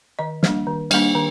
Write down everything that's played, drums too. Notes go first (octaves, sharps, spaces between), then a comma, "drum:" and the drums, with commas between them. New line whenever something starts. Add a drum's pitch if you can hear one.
D#3 D#5
G3 A#3 D4, drum: snare
D#3
G3 A#3 D4, drum: cymbal
D#3